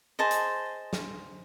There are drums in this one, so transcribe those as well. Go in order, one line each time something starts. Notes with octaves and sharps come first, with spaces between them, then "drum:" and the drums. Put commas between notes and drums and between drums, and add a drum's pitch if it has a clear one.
G#4 C5 D#5 A5
drum: hi-hat
drum: snare